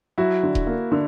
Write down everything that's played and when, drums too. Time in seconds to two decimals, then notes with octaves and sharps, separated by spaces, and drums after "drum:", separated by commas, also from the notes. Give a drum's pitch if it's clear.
0.18 F#3 E4 F#4
0.43 D3
0.55 drum: kick D#1
0.67 A#3
0.92 D3